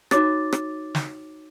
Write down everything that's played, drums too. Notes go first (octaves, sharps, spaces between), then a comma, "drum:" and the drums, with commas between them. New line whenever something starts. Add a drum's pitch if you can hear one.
D#4 F#4 C#5 D6 A6, drum: rim click
drum: rim click
drum: snare